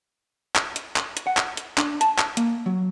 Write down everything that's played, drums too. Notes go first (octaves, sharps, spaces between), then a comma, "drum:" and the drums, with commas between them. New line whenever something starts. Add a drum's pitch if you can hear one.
drum: clap
drum: hi-hat
drum: clap
drum: hi-hat
F#5
drum: clap
drum: hi-hat
D4, drum: clap
A5, drum: hi-hat
drum: clap
A#3, drum: hi-hat
F#3